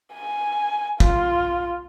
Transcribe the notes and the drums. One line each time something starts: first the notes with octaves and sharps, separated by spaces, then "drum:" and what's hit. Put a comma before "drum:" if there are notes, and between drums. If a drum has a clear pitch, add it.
G#5
F4, drum: kick